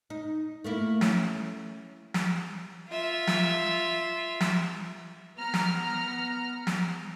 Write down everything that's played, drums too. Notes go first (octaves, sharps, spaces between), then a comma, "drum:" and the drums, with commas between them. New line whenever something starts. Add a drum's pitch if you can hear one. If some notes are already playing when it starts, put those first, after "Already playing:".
D#4
A3 A#3 E4
C#4, drum: snare
drum: snare
F4 E5
drum: snare
drum: snare
B3 A#5 F6
drum: snare
drum: snare